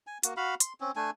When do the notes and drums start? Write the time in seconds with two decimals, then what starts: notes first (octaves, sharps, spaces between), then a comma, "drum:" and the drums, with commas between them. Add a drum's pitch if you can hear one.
0.07 G#5
0.23 A#3 F#4, drum: hi-hat
0.37 F#4 F5 B5
0.60 C6, drum: hi-hat
0.80 C4 C#4
0.96 A3 D4 G#5